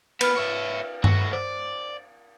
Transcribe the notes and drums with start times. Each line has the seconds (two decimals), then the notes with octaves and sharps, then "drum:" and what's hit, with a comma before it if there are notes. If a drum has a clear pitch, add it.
0.21 B3 B4 F6, drum: cymbal
0.37 C#5 E5
1.04 A2 F#4, drum: tom G2
1.33 C5 D5